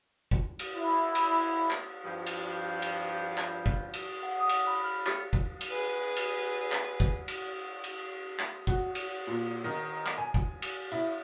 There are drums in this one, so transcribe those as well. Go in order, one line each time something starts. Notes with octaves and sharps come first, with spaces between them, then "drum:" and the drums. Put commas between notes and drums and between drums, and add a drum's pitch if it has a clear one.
drum: kick G1
drum: cymbal
E4
drum: cymbal
drum: clap
G2 F3
drum: cymbal
drum: cymbal
drum: clap
drum: kick G1
drum: cymbal
F#5
D#6
drum: cymbal
B5
F6
G4, drum: clap
drum: kick G1
drum: cymbal
G#4 B4
drum: cymbal
drum: clap
drum: kick G1
drum: cymbal
drum: cymbal
drum: clap
F#4, drum: kick G1
drum: cymbal
A#2
D#3
drum: clap
G#5
drum: kick G1
drum: cymbal
E4